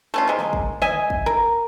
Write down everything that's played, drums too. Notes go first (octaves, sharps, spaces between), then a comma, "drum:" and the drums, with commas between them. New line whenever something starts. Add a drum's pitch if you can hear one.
A3 C#4 F4
C3 G#3 A#3
drum: snare
drum: kick
D#5 E5 G#5, drum: snare
drum: kick
A#4